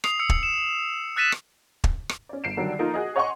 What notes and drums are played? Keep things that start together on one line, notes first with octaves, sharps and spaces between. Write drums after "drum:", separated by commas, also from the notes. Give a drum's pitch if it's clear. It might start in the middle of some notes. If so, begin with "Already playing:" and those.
D#6 C7 F7, drum: rim click
E6 C#7
drum: kick
E7
E6 F#6 A6 B6 D#7 E7
drum: rim click
drum: kick
drum: rim click
C#4 D5
G1 C7 D7 E7
D3 D#3 F#3 G3
F3 A#3 D#4 F4 A4 A#4
F#4 G#4 D#5
C#5 D#5 F#5 G#5 C6 C#6